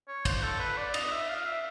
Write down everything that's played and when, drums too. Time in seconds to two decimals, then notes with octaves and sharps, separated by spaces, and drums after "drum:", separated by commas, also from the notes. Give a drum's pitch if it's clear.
0.08 C#5
0.25 C5, drum: kick, cymbal
0.43 A4
0.59 B4
0.78 D5
0.94 D#5, drum: cymbal
1.12 E5
1.29 F5
1.46 E5